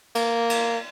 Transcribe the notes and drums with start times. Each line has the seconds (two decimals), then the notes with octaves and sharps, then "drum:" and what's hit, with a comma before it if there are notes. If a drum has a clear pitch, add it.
0.15 A#3, drum: cymbal
0.50 drum: cymbal